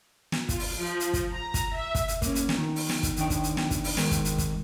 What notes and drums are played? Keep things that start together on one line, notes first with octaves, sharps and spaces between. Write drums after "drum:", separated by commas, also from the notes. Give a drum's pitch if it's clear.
drum: snare
F4, drum: kick, hi-hat
drum: open hi-hat
F3
drum: hi-hat
drum: kick, hi-hat
A#5
drum: kick, hi-hat
E5
drum: kick, hi-hat
drum: hi-hat
A#3 C#4, drum: kick, hi-hat
drum: hi-hat
drum: snare
D#3
drum: open hi-hat
drum: snare
drum: kick, hi-hat
D#2 D#3 D4 G5, drum: hi-hat
drum: kick, hi-hat
drum: hi-hat
drum: snare
drum: kick, hi-hat
drum: open hi-hat
D#3 G#3 A#4, drum: snare
drum: kick, hi-hat
drum: hi-hat
drum: kick, hi-hat